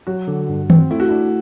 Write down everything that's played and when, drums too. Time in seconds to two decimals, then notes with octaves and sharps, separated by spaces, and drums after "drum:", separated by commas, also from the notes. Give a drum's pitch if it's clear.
0.07 F#3 F#4
0.28 D3
0.49 G2
0.70 C4, drum: tom D#3
0.91 A3 E4
1.00 F#4
1.09 D4 E4